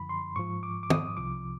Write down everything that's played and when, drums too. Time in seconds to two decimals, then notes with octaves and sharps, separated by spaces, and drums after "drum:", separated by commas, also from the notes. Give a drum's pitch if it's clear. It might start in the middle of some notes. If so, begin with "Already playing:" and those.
Already playing: F#2 D3 F3 B5
0.09 C6
0.36 G#2 F3 C#6
0.63 D6
0.83 D6
0.90 D#6, drum: tom
1.17 C2 C3 F3 D6